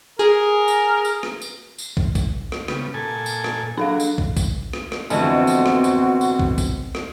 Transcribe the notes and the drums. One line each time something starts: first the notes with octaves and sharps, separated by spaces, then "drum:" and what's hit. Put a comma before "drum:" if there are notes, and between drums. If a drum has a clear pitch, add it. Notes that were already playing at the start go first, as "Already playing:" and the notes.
G#4 A#4
drum: tambourine
drum: tambourine
drum: rim click
drum: tambourine
drum: tambourine
drum: kick
drum: kick, tambourine
drum: rim click
C#3 G3 B3, drum: rim click
A#2 A4 G#5
drum: tambourine
drum: rim click
F#3 A#3 D4 A4 F5
drum: tambourine
drum: kick
drum: kick, tambourine
drum: rim click
drum: rim click
A1 F2 D3 E3 A3 B3 C4 F#4, drum: tambourine
drum: tambourine
drum: rim click
drum: tambourine
drum: tambourine
drum: kick
drum: kick, tambourine
drum: rim click